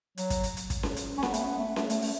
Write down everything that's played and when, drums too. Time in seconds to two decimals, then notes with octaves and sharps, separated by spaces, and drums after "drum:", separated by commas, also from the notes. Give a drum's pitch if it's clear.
0.17 F#3, drum: hi-hat
0.30 drum: kick, hi-hat
0.44 drum: hi-hat
0.57 drum: hi-hat
0.70 drum: kick, hi-hat
0.83 drum: snare C#4
0.97 drum: hi-hat
1.18 C#4
1.23 B3, drum: snare C#4
1.34 A3, drum: hi-hat
1.41 B3
1.58 A3
1.76 A3, drum: snare C#4
1.90 A3, drum: hi-hat
2.02 A3, drum: open hi-hat